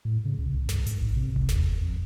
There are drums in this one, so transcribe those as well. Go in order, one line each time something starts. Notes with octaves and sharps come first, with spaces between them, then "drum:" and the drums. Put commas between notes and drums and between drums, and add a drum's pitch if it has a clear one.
A2
C#3
C#2
C2
G2, drum: snare
G#2, drum: hi-hat
A#1
C3
C#2, drum: kick F#1
E2, drum: snare
G1
F2